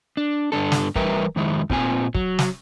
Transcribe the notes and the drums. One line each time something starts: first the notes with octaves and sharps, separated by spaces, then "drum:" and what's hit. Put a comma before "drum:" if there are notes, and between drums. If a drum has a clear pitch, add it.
D4
G2 D3 D4 A4
drum: snare
E3 G3 A#4 B4 E5 G5, drum: kick
F2 D#3 G#3 E4
A#2 C4 F4 G#5, drum: kick
F#3, drum: kick
drum: snare